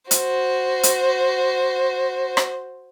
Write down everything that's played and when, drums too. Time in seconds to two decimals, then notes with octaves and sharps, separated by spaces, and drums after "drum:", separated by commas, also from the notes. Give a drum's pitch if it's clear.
0.11 F#4 C5, drum: hi-hat
0.83 drum: hi-hat
2.37 drum: rim click